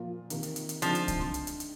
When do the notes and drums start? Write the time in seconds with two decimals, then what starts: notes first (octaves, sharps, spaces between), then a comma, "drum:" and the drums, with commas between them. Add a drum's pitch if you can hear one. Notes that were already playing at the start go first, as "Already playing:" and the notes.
Already playing: A#2 F3 A#3 F4
0.30 C3 D#3 A#3, drum: hi-hat
0.43 drum: hi-hat
0.56 drum: hi-hat
0.69 drum: hi-hat
0.82 D3 F3 G#3 C4 D#4, drum: hi-hat
0.95 drum: hi-hat
1.08 drum: kick C2, hi-hat
1.21 drum: snare C4
1.34 drum: hi-hat
1.47 drum: hi-hat
1.60 drum: hi-hat